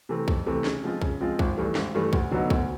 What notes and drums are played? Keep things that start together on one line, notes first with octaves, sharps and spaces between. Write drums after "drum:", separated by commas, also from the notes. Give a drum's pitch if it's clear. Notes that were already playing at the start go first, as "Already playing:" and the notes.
C3 E3 A3 C4
F2, drum: kick
C3 E3 A3 C4
C#3, drum: snare
F3 G#3 C4 F4
C#3, drum: kick
F3 G#3 C4 F4
G#1, drum: kick
G2 E3 A3
G#1, drum: snare
G2 E3 A3
D2, drum: kick
D3 F#3 B3 D#4
D2, drum: kick